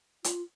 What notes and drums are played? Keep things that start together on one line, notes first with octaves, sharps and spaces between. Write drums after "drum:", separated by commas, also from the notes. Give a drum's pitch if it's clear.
F4, drum: hi-hat